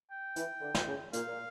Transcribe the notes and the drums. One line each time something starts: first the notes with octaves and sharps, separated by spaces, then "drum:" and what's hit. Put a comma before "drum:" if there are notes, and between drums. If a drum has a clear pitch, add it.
G5
E3, drum: hi-hat
D3
drum: snare
C#3
A#2 F5, drum: hi-hat
A#2